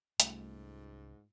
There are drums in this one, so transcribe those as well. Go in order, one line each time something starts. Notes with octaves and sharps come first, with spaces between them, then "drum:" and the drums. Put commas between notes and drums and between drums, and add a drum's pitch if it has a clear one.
C2 G#2 G3 A3 C#4 F4, drum: hi-hat